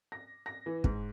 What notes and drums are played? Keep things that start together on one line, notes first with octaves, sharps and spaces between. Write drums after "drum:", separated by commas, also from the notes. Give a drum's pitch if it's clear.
A#6
A#6
E3
G#2, drum: kick